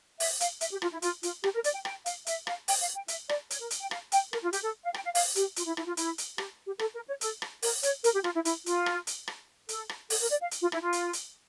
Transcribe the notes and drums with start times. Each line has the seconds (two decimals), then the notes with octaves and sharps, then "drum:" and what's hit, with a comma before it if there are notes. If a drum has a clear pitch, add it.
0.20 E5, drum: open hi-hat
0.40 F5, drum: hi-hat
0.61 E5, drum: hi-hat
0.71 G4
0.82 F4, drum: rim click
0.92 E4
1.02 F4, drum: hi-hat
1.23 F4, drum: hi-hat
1.44 G4, drum: rim click
1.54 A#4
1.64 D5, drum: hi-hat
1.75 G5
1.85 G5, drum: rim click
2.06 F5, drum: hi-hat
2.26 E5, drum: hi-hat
2.47 F5, drum: rim click
2.68 G5, drum: open hi-hat
2.81 F5
2.95 G5
3.08 E5, drum: hi-hat
3.29 D5, drum: rim click
3.50 C#5, drum: hi-hat
3.60 A#4
3.70 drum: hi-hat
3.81 G5
3.91 F5, drum: rim click
4.12 G5, drum: hi-hat
4.33 A#4, drum: rim click
4.43 F4
4.53 G4, drum: hi-hat
4.63 A4
4.84 F5
4.94 G5, drum: rim click
5.04 F5
5.15 F5, drum: open hi-hat
5.36 G4, drum: hi-hat
5.56 F4, drum: hi-hat
5.67 E4
5.77 E4, drum: rim click
5.87 F4
5.97 E4, drum: hi-hat
6.18 drum: hi-hat
6.38 G4, drum: rim click
6.66 G4
6.79 A4, drum: rim click
6.94 A#4
7.08 C#5
7.21 A4, drum: hi-hat
7.42 drum: rim click
7.62 A#4, drum: open hi-hat
7.83 C#5, drum: hi-hat
8.04 A#4, drum: hi-hat
8.14 G4
8.24 F4, drum: rim click
8.34 E4
8.45 E4, drum: hi-hat
8.66 F4, drum: hi-hat
8.86 drum: rim click
9.07 drum: hi-hat
9.28 drum: rim click
9.69 A4, drum: hi-hat
9.89 drum: rim click
10.10 A4, drum: open hi-hat
10.20 A#4
10.31 D5
10.41 F5
10.51 drum: hi-hat
10.61 F4
10.72 E4, drum: rim click
10.82 F4
10.93 drum: hi-hat
11.13 drum: hi-hat